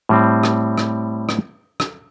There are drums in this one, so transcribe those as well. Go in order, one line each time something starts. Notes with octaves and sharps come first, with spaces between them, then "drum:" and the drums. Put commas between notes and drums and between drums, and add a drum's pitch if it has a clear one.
A2 G3 C4
drum: rim click
drum: rim click
drum: rim click
drum: rim click